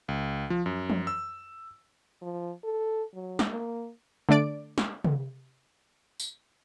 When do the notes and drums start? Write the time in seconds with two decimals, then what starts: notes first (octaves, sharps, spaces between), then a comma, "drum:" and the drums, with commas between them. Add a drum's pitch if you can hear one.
0.08 C#2
0.50 F3
0.66 F#2
0.90 drum: tom
1.07 E6
2.21 F3
2.64 A4
3.14 F#3
3.39 drum: snare
3.50 A#3
4.29 D3 A3 D4 D5 D7
4.78 drum: snare
5.04 drum: tom C3
6.20 drum: tambourine